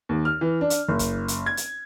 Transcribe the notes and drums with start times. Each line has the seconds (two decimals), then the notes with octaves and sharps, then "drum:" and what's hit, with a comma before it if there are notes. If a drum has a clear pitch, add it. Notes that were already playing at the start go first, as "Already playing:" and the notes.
0.09 D#2
0.25 F6
0.41 E3
0.61 D4
0.70 drum: hi-hat
0.88 F#1
0.99 drum: kick, hi-hat
1.28 drum: hi-hat
1.46 G#6
1.57 drum: hi-hat